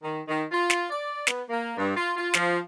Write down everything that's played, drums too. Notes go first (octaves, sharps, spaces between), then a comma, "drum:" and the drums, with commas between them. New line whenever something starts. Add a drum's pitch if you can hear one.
D#3
D#3
F4
drum: snare
D5
B3, drum: snare
A#3
G2
F4
F4
F3, drum: snare